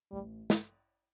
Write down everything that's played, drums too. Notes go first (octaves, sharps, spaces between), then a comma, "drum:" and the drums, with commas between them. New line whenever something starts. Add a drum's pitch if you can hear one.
A1 G3
drum: snare